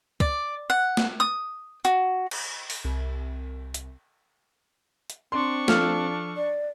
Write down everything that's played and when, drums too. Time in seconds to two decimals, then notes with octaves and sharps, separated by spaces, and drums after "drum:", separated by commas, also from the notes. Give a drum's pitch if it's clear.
0.20 D5, drum: kick
0.70 F#5
0.97 drum: snare
1.20 D#6
1.85 F#4, drum: hi-hat
2.31 drum: cymbal
2.70 drum: open hi-hat
2.85 C2
3.74 drum: hi-hat
5.10 drum: hi-hat
5.32 C4 D4 C6 C#6
5.68 F3 A4 F6, drum: snare
6.36 D5